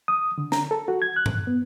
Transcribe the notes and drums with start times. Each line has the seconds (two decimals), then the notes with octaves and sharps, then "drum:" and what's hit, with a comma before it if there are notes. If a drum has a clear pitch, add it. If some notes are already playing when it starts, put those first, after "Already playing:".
0.08 D#6
0.38 D3
0.52 A#5, drum: snare
0.71 A4
0.88 F#4
1.02 G#6
1.16 F#6
1.26 drum: tom G2
1.47 B3